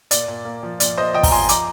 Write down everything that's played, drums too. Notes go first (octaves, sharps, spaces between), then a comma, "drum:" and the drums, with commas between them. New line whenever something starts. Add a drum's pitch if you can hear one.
A#2 D5, drum: hi-hat
A#2
A#3
F3
A#2 D5, drum: hi-hat
A#2 C5 D#5
F3 D#5 G5
A#5, drum: kick, open hi-hat
F3 G#5 C6
A#5 D6, drum: hi-hat